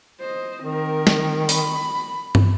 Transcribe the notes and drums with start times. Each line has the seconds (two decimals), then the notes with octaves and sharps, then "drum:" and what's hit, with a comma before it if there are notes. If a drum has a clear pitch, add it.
0.20 C5 D#5
0.63 D#3 C4 A#4
1.07 drum: snare
1.49 B5, drum: open hi-hat
2.35 drum: tom